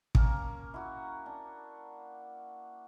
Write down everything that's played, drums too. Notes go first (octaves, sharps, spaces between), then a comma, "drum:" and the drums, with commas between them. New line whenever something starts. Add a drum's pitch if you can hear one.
A#3 C#4 A#4, drum: kick
E4 F#4
D4